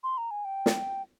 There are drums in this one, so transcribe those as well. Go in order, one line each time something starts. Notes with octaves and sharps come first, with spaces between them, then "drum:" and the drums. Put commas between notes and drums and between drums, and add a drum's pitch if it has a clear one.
C6
A#5
G#5
G5
drum: snare